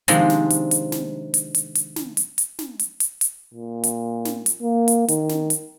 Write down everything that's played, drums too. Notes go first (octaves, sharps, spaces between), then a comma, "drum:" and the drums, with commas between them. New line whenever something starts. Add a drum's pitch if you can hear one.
C3 D#3 F3 G#3 C4 D4, drum: hi-hat
drum: snare
drum: hi-hat
drum: hi-hat
drum: snare
drum: hi-hat
drum: hi-hat
drum: hi-hat
drum: snare
drum: hi-hat
drum: hi-hat
drum: snare
drum: hi-hat
drum: hi-hat
drum: hi-hat
A#2
drum: hi-hat
drum: snare
drum: hi-hat
A#3
drum: hi-hat
D#3, drum: hi-hat
drum: snare
drum: hi-hat